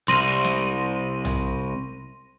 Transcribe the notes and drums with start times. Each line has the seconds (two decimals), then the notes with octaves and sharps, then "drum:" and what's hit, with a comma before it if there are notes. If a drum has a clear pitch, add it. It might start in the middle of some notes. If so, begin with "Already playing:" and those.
0.08 C2 C6 A#6 D#7, drum: snare
0.44 drum: snare
1.25 drum: tom B1